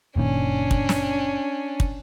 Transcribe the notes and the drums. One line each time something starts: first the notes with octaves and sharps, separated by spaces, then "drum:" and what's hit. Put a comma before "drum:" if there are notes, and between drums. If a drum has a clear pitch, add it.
F#1 A#2 D#3 C#4 D4
drum: kick
drum: snare
drum: kick